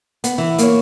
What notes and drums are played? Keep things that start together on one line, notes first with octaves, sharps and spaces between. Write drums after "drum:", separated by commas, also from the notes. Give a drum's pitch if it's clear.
B3, drum: hi-hat
E3
A#3 C#5, drum: hi-hat